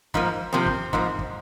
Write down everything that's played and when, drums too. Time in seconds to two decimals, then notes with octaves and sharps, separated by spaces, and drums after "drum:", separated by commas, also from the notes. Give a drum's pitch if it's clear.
0.14 G#2 F3 A#3, drum: kick
0.53 C3 F3 A#3 C4
0.66 drum: kick
0.93 G#2 F3 A#3, drum: kick
1.19 drum: kick